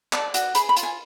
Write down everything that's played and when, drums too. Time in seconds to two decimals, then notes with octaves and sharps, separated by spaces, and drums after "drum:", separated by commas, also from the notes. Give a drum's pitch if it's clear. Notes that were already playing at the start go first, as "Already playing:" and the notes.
0.13 D5 A5, drum: clap
0.34 F#4, drum: hi-hat
0.55 G#4 B5, drum: hi-hat
0.69 B5
0.77 F4, drum: hi-hat
0.83 G#5